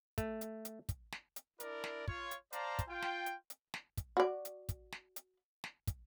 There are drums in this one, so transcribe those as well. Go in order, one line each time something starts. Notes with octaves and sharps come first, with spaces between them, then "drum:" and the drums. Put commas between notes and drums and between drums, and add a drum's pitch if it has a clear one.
A3, drum: kick, hi-hat
drum: hi-hat
drum: hi-hat
drum: kick, hi-hat
drum: snare
drum: hi-hat
D4 E4 A#4 D5, drum: hi-hat
drum: snare
F4 C#5, drum: kick
drum: hi-hat
C5 D5 F5 A5 A#5, drum: hi-hat
drum: kick, hi-hat
F4 G5
drum: snare
drum: hi-hat
drum: hi-hat
drum: snare
drum: kick, hi-hat
F#4 D5
drum: hi-hat
drum: kick, hi-hat
drum: snare
drum: hi-hat
drum: snare
drum: kick, hi-hat